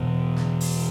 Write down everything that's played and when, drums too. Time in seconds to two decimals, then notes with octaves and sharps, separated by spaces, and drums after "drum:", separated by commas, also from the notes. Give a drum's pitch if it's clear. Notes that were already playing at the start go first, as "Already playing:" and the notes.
Already playing: E2 B2
0.37 drum: snare
0.61 drum: open hi-hat